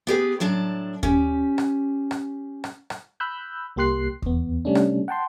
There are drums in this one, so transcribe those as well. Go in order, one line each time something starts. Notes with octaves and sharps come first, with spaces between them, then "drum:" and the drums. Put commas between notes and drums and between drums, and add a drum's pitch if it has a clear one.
B3 G4 G#4 B4
A2 F#3 D4 A5
C#4 G4, drum: kick D#2
drum: rim click
drum: rim click
drum: rim click
drum: rim click
B5 E6 F#6 G6
C2 A#3 G4 C6 F#6 C7
E2 B3, drum: kick D#2
C3 G3 A3 C#4 D4
drum: rim click
F#5 G5 A5 C6